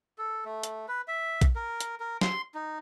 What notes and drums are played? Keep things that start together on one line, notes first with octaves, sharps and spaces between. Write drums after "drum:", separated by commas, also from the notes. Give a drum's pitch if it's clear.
A4
A3
drum: hi-hat
B4
E5
drum: kick, hi-hat
A#4
drum: hi-hat
A#4
C6, drum: snare
D#4